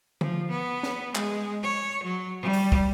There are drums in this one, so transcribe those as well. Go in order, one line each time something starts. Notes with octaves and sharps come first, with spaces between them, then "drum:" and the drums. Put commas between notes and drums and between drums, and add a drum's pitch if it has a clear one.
F3, drum: tom
B3
drum: snare
G#3, drum: clap
C#5
F#3
G3
drum: open hi-hat
drum: kick